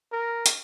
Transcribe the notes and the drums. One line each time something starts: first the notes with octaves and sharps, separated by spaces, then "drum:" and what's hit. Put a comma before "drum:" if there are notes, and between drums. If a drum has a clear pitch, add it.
A#4
drum: hi-hat